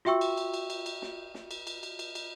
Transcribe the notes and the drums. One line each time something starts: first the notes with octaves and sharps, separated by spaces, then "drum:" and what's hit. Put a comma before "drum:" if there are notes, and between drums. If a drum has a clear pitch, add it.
F4 F#4 E5 G5 C#6 E6, drum: snare
drum: cymbal
drum: cymbal
drum: cymbal
drum: cymbal
drum: cymbal
drum: snare
drum: snare
drum: cymbal
drum: cymbal
drum: cymbal
drum: cymbal
drum: cymbal